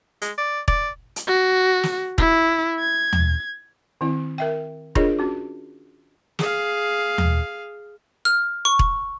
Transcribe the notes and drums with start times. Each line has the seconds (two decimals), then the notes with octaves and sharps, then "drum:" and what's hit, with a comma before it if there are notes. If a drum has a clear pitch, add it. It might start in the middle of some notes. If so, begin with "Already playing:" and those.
0.22 G#3, drum: hi-hat
0.38 D5
0.68 D5, drum: kick E1
1.16 drum: hi-hat
1.27 F#4
1.83 drum: snare
2.18 E4, drum: kick E1
2.79 G#6
3.13 drum: tom D#2
4.01 D#3 C4 E4
4.38 A#4 E5 G5
4.95 D4 F4 G#4 A#4 C#5 D#5, drum: kick E1
5.19 C#4 F#4
6.39 G#4 F5, drum: snare
7.18 drum: tom D#2
8.25 F6
8.65 C#6
8.79 drum: kick E1